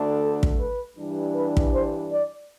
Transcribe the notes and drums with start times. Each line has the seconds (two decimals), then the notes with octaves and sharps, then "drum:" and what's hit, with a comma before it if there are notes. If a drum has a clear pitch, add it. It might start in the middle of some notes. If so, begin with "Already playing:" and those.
Already playing: D2 D3 A3 D4
0.20 A4
0.43 drum: kick
0.58 B4
0.97 G2 E3 G3 D4
1.34 B4
1.57 drum: kick
1.74 C5
2.12 D5